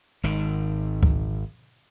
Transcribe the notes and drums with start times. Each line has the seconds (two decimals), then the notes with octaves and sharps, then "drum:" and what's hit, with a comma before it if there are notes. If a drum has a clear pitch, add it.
0.23 G#1 D#3
1.03 drum: kick C#2